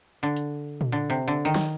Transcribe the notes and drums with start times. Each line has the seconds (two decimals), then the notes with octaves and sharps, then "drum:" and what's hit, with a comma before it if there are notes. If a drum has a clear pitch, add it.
0.23 D3
0.37 drum: hi-hat
0.81 drum: tom A#2
0.92 D3
1.10 C3
1.28 D3
1.45 D#3
1.56 drum: snare